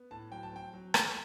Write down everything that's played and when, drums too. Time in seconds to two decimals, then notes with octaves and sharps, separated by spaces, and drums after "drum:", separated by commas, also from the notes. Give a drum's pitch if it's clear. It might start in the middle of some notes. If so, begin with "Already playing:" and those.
Already playing: B3
0.11 A2 A5
0.31 F#3 G5
0.43 A5
0.53 C4 G5
0.73 F#3
0.94 A3 F#5, drum: rim click